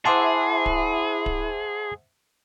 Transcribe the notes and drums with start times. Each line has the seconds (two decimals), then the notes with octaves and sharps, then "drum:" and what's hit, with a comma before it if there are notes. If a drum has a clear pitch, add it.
0.05 E4 G#4 C5 E5 F#5 A5 C6 D6
0.66 drum: kick D1
1.26 drum: kick D1